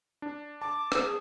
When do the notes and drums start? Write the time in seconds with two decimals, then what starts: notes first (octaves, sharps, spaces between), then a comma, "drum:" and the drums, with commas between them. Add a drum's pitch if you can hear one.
0.22 D4
0.62 A5 D6
0.92 drum: rim click
1.02 G#4